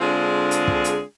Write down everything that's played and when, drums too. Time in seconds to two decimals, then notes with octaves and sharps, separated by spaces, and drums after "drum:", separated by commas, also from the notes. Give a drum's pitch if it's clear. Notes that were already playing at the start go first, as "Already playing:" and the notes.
0.01 D3 G#3 C4 D4 F4 G#4
0.51 drum: hi-hat
0.68 drum: kick
0.84 drum: hi-hat